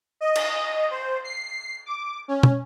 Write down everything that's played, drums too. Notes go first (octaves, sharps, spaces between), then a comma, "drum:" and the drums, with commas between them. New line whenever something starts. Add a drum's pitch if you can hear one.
D#5
drum: cymbal
C5
C7
D6
C#4
drum: tom